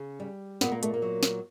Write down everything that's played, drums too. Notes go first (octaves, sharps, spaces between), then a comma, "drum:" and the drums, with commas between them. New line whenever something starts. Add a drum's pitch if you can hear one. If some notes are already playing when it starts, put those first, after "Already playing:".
Already playing: C#3
G3
A#2 B3, drum: snare
A#3
A3, drum: hi-hat
A#3
F#3
drum: snare